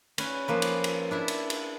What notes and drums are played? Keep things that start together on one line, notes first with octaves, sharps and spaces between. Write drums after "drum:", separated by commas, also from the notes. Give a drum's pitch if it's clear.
C#4 B4 G#5, drum: cymbal
F3 A#3 B4
drum: cymbal
drum: cymbal
D4 E4 E5
drum: cymbal
drum: cymbal